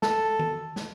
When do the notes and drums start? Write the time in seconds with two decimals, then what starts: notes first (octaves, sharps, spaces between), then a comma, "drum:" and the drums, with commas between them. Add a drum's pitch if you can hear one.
0.02 A4, drum: snare
0.39 drum: tom D#3
0.76 drum: snare